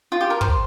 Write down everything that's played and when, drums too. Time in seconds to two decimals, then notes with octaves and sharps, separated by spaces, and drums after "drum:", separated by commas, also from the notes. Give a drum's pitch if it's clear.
0.12 F4
0.21 G4
0.30 A#4
0.41 C5, drum: kick